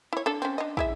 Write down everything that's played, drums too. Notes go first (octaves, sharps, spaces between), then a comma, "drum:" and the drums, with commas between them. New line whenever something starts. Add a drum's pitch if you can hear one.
E4 C#5
D4 A4
C4 C#4
D4 D#5
E4 G#4 E5, drum: kick